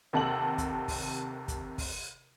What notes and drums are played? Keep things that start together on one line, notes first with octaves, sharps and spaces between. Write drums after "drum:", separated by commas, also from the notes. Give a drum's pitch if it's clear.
D#2 C3 A4 F#5 F#7
drum: kick, hi-hat
drum: kick, open hi-hat
drum: kick, hi-hat
drum: kick, open hi-hat